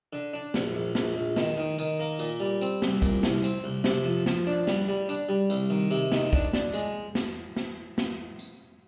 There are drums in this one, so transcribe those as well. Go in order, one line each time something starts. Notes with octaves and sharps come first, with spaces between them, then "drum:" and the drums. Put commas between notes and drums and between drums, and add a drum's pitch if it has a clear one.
D3
D4
A#1, drum: snare
A#1
A#1, drum: snare
A#1
D#3, drum: snare
D#3
D#3, drum: tambourine
A#3
A#2, drum: tambourine
G3
C4, drum: tambourine
C2, drum: snare
A#2, drum: kick, tambourine
C2, drum: snare
C4, drum: tambourine
C2
C3, drum: snare
F3
F3, drum: snare
D4
G3, drum: snare
G3
D4, drum: tambourine
G3
C2, drum: tambourine
D#3
C3, drum: tambourine
D#3, drum: snare
D4, drum: kick, tambourine
D4, drum: snare
G#3, drum: tambourine
drum: snare
drum: snare
drum: snare
drum: tambourine